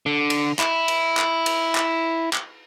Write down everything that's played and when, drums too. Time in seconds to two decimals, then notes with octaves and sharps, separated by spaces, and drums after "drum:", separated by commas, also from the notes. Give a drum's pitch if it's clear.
0.06 D3
0.30 drum: cymbal
0.59 E4, drum: clap
0.88 drum: cymbal
1.17 drum: clap
1.46 drum: cymbal
1.75 drum: clap
2.33 drum: clap